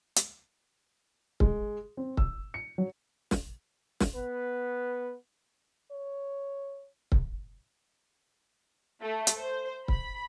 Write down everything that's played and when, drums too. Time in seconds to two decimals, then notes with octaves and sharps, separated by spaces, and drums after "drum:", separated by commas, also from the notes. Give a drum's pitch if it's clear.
0.16 drum: hi-hat
1.40 G#3, drum: kick C#1
1.97 C4
2.17 E6, drum: kick C#1
2.54 C#7
2.78 F#3
3.31 drum: snare
4.00 drum: snare
4.14 B3 B4
5.91 C#5
7.12 drum: kick C#1
9.02 A3
9.27 drum: hi-hat
9.39 C5
9.88 B5, drum: kick C#1